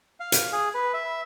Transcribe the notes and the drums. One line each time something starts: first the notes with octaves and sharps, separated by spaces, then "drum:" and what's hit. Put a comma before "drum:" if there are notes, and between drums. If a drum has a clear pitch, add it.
F5
drum: hi-hat
G#4
B4
E5